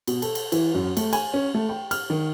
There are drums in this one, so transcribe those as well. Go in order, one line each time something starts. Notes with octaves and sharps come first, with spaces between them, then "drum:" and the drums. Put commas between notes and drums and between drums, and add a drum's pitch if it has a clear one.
B2, drum: cymbal
A4, drum: cymbal
drum: cymbal
E3, drum: cymbal
F#2
A3, drum: cymbal
G#5, drum: cymbal
C#4
A3
G5
F6, drum: cymbal
D#3